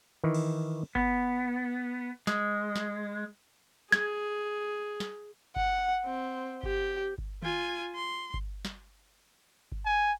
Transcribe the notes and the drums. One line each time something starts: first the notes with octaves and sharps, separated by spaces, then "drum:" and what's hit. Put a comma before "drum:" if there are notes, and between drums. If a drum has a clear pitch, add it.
D#3 E3
drum: cymbal
B3, drum: kick G1
G#3, drum: snare
drum: snare
G#4 G#6, drum: snare
drum: snare
F#5, drum: kick G1
C4
G4, drum: kick G1
drum: kick G1
F4 G#5, drum: tom D#3
C6
drum: kick G1
drum: snare
drum: kick G1
G#5